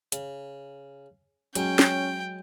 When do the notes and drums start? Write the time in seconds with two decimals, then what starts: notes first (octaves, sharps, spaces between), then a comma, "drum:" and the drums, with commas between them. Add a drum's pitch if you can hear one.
0.12 C#3, drum: hi-hat
1.55 F#3 G#3 C#4 C#5 G5, drum: hi-hat
1.79 drum: snare